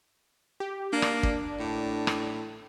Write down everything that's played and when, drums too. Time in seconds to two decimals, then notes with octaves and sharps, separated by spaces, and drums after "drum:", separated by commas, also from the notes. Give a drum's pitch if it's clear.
0.60 G4
0.93 A#3 D4
1.02 drum: rim click
1.23 drum: kick
1.59 A2
2.07 drum: rim click